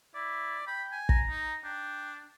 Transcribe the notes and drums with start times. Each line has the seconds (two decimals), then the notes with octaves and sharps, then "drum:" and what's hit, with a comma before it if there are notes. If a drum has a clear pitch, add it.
0.15 E4 D5
0.67 G5 B5
0.92 G#5
1.09 A#5, drum: kick
1.30 D#4
1.64 D4 G5